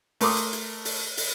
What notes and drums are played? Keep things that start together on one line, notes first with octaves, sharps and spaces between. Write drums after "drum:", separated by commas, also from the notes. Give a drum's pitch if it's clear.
A3 A#4 C6 D6 D#6, drum: open hi-hat
drum: hi-hat
drum: hi-hat
drum: open hi-hat
drum: open hi-hat